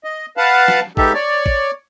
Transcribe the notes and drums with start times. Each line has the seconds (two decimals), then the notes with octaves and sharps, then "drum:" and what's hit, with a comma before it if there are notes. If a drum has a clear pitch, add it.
0.04 D#5
0.37 B4 F5 F#5 A5
0.68 drum: snare
0.97 G#3 B3 D#4 G4 A4 E5, drum: kick
1.14 C#5 D5
1.46 drum: kick